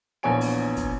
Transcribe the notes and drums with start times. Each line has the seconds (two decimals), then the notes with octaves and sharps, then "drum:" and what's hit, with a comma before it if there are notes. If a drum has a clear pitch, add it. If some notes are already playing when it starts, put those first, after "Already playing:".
0.23 A#1 E2 B3 C#5 G#5 D7
0.41 drum: open hi-hat
0.77 drum: kick, hi-hat